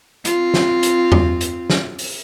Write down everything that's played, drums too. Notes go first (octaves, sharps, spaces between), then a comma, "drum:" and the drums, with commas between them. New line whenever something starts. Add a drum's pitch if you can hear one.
C4 F4, drum: hi-hat
drum: snare
drum: hi-hat
drum: tom E2
drum: hi-hat
drum: snare
drum: open hi-hat